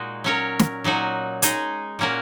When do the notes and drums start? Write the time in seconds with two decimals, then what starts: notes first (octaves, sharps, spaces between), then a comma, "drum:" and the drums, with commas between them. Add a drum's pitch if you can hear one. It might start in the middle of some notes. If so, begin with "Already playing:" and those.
Already playing: A#2 G#3 D#4 F#4
0.24 F#3 C#4 A#4 C#5
0.59 drum: snare
0.84 A#2 F#3 D#4 F#4
1.42 G#3 D#4 G#4, drum: hi-hat
1.99 A#2 A#3 C#4 F#4 A#4